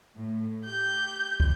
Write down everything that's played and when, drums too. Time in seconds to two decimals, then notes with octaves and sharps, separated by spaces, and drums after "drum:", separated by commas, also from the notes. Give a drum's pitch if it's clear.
0.16 A2
0.65 G4 G6
1.40 drum: kick